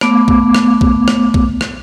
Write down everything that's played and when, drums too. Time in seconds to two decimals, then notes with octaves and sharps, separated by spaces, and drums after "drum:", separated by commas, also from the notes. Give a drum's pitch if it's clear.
0.01 A3 B3 D6, drum: rim click
0.28 drum: kick B1
0.55 drum: rim click
0.81 drum: kick B1
1.08 drum: rim click
1.34 drum: kick B1
1.61 drum: rim click